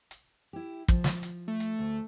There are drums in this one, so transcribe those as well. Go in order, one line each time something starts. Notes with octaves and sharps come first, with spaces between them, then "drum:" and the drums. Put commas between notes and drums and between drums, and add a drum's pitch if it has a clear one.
drum: hi-hat
E4 G4
F3, drum: kick, hi-hat
drum: snare
drum: hi-hat
A3
drum: hi-hat
D2